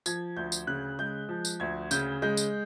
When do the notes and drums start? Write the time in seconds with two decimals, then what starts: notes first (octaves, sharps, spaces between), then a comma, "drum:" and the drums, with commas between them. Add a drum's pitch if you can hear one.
0.06 F3 G#6, drum: tambourine
0.36 D2 G6
0.52 drum: tambourine
0.67 C#3 F#6
0.99 G#3 G6
1.29 F3
1.45 drum: tambourine
1.60 D2 G#6
1.91 C#3 G6, drum: tambourine
2.22 G#3 G6
2.37 drum: tambourine